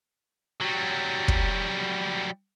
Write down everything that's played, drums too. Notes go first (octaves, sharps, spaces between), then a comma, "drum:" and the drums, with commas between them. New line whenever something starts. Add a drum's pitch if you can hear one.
F#3 G3
drum: kick